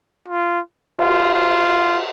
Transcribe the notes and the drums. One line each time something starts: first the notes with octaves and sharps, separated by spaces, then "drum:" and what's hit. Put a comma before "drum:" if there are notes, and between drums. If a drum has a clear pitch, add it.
F4
F4, drum: cymbal
F4